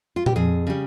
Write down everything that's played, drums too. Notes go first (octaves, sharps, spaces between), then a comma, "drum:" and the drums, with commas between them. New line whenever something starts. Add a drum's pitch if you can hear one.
F4
G4, drum: tom A#2
F2 G#4
C#3 G3